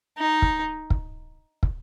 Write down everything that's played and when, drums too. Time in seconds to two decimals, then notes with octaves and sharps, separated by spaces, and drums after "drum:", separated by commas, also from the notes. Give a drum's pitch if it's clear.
0.18 D#4
0.42 drum: kick
0.90 drum: kick
1.63 drum: kick